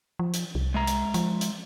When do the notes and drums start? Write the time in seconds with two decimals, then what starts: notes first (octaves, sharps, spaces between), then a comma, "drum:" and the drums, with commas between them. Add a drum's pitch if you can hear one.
0.19 F3
0.34 drum: hi-hat
0.55 C2
0.74 G#3 E5 A#5
0.87 drum: hi-hat
1.14 F3, drum: hi-hat
1.41 drum: hi-hat